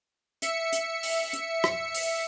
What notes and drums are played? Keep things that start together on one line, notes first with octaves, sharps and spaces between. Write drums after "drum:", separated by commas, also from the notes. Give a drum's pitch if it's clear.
E5 C#7, drum: hi-hat
drum: hi-hat
drum: open hi-hat
drum: hi-hat
drum: rim click
drum: open hi-hat